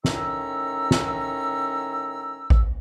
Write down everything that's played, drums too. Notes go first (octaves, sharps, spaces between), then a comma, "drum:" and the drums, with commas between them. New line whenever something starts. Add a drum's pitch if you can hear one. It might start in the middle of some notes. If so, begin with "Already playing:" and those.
A2 D#3 C#4 A#5 E6, drum: snare
drum: snare
drum: kick A1